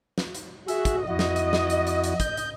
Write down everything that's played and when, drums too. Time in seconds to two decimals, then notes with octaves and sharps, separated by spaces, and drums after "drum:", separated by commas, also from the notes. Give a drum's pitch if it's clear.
0.18 drum: snare
0.35 drum: hi-hat
0.68 F#4 G#4 E5, drum: hi-hat
0.85 drum: kick, hi-hat
1.08 F2 E4 F#4 D#5
1.19 drum: snare
1.36 drum: hi-hat
1.53 drum: snare
1.70 drum: hi-hat
1.87 drum: hi-hat
2.04 drum: hi-hat
2.20 G6, drum: kick, hi-hat
2.37 drum: hi-hat